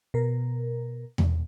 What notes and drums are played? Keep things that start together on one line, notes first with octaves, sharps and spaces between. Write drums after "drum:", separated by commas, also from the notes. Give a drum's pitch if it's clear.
B2 A#4
drum: tom E2